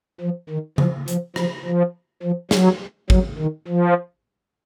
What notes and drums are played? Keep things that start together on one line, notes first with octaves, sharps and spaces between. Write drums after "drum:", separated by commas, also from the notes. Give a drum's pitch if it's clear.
F3
D#3
F3, drum: tom C#3
F3, drum: hi-hat
F3, drum: rim click
F3
F3
F#3, drum: snare
F#3, drum: kick G#1
D#3
F3